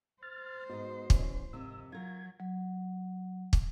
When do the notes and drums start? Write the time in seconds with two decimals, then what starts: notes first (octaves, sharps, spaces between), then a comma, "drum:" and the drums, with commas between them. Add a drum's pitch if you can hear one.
0.23 C5 F6 A6
0.69 G#2 G#3 B3 D#4 F#4 D#5
1.10 D2 E3 C#4, drum: kick
1.53 F2 G#2 C3 D#3 E6
1.92 F#3 F4 A#4 G#6
2.40 F#3
3.53 drum: kick